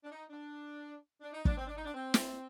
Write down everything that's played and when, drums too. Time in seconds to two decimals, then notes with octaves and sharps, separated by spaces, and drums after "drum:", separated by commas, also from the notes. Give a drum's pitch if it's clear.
0.03 D4
0.11 D#4
0.30 D4
1.21 D4
1.33 D#4
1.45 D4, drum: kick
1.57 C4
1.67 D4
1.75 D#4
1.85 D4
1.95 C4
2.14 drum: snare